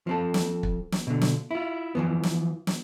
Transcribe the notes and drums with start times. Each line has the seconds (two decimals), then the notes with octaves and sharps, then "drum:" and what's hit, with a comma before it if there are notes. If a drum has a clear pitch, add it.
0.07 F3 C4 A4
0.34 drum: snare
0.63 drum: kick
0.92 drum: snare
1.07 B2 D3
1.21 drum: snare
1.51 E4 F4
1.95 E3 F3 B3
2.23 drum: snare
2.67 drum: snare